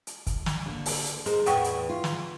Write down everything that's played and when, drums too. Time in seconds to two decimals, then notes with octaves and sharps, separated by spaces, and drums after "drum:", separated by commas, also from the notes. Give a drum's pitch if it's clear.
0.07 drum: hi-hat
0.27 drum: kick, hi-hat
0.46 drum: snare
0.66 D3 A#3
0.86 drum: open hi-hat
1.05 drum: hi-hat
1.26 D#4 G#4 A#4 C5, drum: hi-hat
1.46 E2 A2 E3 F#5 G5 C#6, drum: hi-hat
1.64 drum: hi-hat
1.89 F4
2.04 drum: snare